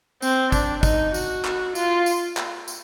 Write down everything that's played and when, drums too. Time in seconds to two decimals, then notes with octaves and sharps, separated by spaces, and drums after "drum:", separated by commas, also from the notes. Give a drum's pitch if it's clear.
0.22 C4, drum: tambourine
0.52 D4, drum: kick, tambourine
0.83 D#4, drum: kick, tambourine
1.14 F#4, drum: tambourine
1.45 drum: clap
1.75 F4, drum: tambourine
2.06 drum: tambourine
2.37 drum: clap
2.68 drum: tambourine